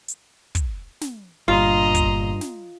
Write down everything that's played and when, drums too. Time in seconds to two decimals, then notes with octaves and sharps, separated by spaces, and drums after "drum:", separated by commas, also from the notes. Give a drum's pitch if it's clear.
0.08 drum: hi-hat
0.55 drum: kick, hi-hat
1.01 drum: snare
1.48 G1 G2 A#2 F4 D#5 A#5 C6
1.95 drum: kick, hi-hat
2.41 drum: snare